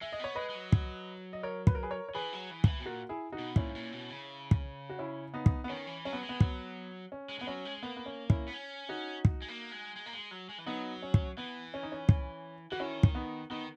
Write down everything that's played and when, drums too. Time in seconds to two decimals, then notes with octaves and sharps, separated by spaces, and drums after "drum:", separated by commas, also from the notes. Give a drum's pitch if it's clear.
0.01 G#3 E5
0.13 D#5
0.19 B3 C#5
0.35 G#3 B4 D#5
0.50 G#3
0.55 F#3
0.73 drum: kick
1.33 D#5
1.43 A#4 C#5
1.67 B4, drum: kick
1.75 A#4
1.83 G#4 B4
1.91 A#4 C#5
2.09 C#5
2.14 E3 G#4 B4
2.33 F#3
2.51 E3
2.64 F#3, drum: kick
2.68 E3
2.80 B2
2.85 A#2 F#4 A#4
3.09 E4 G#4
3.32 D#4 F#4
3.38 B2
3.56 A#2 C#4 E4, drum: kick
3.69 G#2
3.75 A#2
3.92 B2
4.10 C#3
4.51 drum: kick
4.89 F#4
4.99 C#4 E4
5.34 B3 D#4
5.46 drum: kick
5.64 B3
5.69 D#3 C#4
5.87 E3
6.05 F#3 C#4
6.13 B3
6.23 G#3
6.29 B3
6.41 F#3, drum: kick
7.12 C#4
7.29 G#3
7.39 G#3 B3
7.47 F#3 C#4
7.65 G#3
7.83 A#3 B3
7.97 B3
8.06 C#4
8.30 C#4 E4, drum: kick
8.48 B3
8.54 C#4
8.89 D#4 F#4
9.25 drum: kick
9.42 G#3
9.48 A#3
9.72 G#3
9.96 G#3
10.06 A#3
10.13 G#3
10.31 F#3
10.49 G#3
10.58 E3
10.66 F#3 B3 D#4
11.02 C#4
11.14 drum: kick
11.37 E3 B3
11.74 C#4
11.83 D#4
11.92 C#4
12.09 drum: kick
12.71 E3 F#4
12.80 D#3 C#4 E4
13.03 drum: kick
13.15 B3 D#4
13.50 D#3 B3 D#4